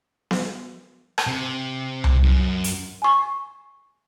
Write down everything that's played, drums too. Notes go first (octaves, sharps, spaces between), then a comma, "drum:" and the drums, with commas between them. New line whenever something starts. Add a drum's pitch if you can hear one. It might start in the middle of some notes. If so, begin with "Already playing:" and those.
drum: snare B3
drum: rim click
C3
drum: tom C2
F#2
drum: hi-hat
G#5 C#6